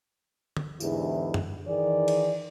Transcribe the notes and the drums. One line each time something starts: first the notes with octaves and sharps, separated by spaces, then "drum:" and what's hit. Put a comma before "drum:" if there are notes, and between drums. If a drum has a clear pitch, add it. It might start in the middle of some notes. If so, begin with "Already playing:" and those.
drum: tom D3
E2 G#2 D3 E4 G4, drum: tambourine
drum: tom F#2
D#3 E3 G#4 D5
drum: cymbal